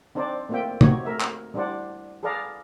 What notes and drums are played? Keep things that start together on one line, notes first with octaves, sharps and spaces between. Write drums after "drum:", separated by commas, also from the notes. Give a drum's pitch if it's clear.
C4 D4 D#4 C5 D5
A3 A#3 C4 F4 E5 G5
C4 D#4 F#4 G4 C#5, drum: tom
A3 A#4 E5
drum: clap
G3 D4 E4 C5 D5 F#5
G#4 A4 B4 D5 F5 A#5